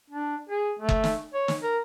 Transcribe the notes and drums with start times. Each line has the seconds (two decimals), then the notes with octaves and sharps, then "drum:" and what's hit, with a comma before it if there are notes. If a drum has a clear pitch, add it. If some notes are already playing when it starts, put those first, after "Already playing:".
0.10 D4
0.49 G#4
0.79 A3
0.89 drum: kick F#1
1.04 drum: snare
1.34 C#5
1.48 drum: snare
1.63 A#4